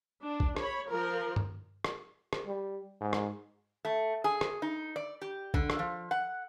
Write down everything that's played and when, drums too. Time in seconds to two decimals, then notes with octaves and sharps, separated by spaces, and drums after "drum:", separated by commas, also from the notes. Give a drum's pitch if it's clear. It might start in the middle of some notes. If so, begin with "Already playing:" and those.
0.21 D4
0.40 drum: kick A#1
0.57 C#5 B5, drum: rim click
0.89 F3 A#4
1.36 drum: tom G2
1.84 drum: rim click
2.33 drum: rim click
2.46 G3
3.01 G#2
3.13 drum: rim click
3.85 A3
4.24 G#4
4.41 drum: rim click
4.62 D#4
4.96 D5
5.21 G4
5.54 D3, drum: kick A#1
5.70 drum: rim click
5.79 F3
6.11 F#5